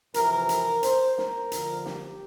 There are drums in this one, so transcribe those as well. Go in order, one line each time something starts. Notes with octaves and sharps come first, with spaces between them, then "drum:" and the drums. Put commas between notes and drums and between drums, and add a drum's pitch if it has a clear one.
F2 C3 E3 A#4, drum: hi-hat
drum: hi-hat
C5, drum: hi-hat
A#4, drum: snare
F2 D3 F3 C4, drum: hi-hat
G4, drum: snare